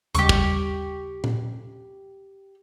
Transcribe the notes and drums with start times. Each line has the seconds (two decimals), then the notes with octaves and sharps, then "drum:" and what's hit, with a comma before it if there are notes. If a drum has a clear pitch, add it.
0.15 D#2 C#3 G3 G4 C#6, drum: hi-hat
0.29 drum: kick
1.24 drum: tom A#2